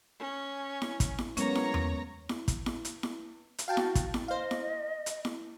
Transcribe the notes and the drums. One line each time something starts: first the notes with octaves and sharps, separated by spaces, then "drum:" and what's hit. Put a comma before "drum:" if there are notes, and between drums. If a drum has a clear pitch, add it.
C#4
drum: snare E4
drum: kick, hi-hat
drum: snare E4
F#3 G#3 A#3 B3 C#4 C#5 A#5, drum: hi-hat
drum: snare E4
drum: tom E2
drum: snare E4
drum: kick, hi-hat
drum: snare E4
drum: hi-hat
drum: snare E4
drum: hi-hat
F#4 F5 G5 A5
drum: snare E4
drum: kick, hi-hat
drum: snare E4
C5 D#5 F5
drum: snare E4
drum: hi-hat
drum: snare E4